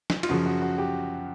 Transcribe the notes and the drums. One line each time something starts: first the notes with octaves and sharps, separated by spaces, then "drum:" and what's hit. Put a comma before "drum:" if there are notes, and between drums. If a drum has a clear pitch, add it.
drum: snare
F4, drum: cymbal
F#2 C#3 F3 F#4
F#4
F#4
G4